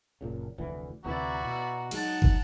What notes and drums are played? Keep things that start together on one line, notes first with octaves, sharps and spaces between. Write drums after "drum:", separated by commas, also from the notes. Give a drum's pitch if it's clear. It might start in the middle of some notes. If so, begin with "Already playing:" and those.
F#1 A#2 C#3
F1 D2 E3
D2 C3 E3 E4 F#4 D5 A#5
B2 A#5
F#3 G#3 D#4 F#5 A5, drum: cymbal
drum: kick